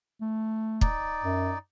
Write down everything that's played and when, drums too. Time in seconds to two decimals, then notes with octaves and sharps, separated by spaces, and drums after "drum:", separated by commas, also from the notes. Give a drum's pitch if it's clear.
0.21 A3
0.81 D#4 D5, drum: kick
1.23 F#2